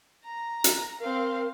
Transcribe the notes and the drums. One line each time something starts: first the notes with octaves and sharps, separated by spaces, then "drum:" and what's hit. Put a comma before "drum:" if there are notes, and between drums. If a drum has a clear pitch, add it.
A#5
drum: hi-hat
C4 A#4 F5